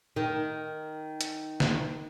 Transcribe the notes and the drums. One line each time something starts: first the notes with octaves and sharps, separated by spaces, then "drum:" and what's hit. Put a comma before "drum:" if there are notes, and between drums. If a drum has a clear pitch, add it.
D#3
drum: hi-hat
drum: snare